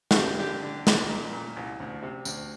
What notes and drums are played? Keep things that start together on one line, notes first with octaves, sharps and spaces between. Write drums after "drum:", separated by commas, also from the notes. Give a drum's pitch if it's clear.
F#4, drum: snare
G2 G4
D3 G4
D3
D#2, drum: snare
A#2
A#2
C2
D2
C3
D2, drum: tambourine